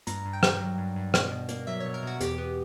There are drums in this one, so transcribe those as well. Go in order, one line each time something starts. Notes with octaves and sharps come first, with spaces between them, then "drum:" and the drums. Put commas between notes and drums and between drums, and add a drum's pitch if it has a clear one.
G2 A#5, drum: hi-hat
G2
G5
A#3, drum: rim click
F#3
G2
G2
B2, drum: rim click
B2
A#3, drum: hi-hat
F#3 E5
B2 C#5
A#4
B2 F#4
E2 G4, drum: hi-hat
B3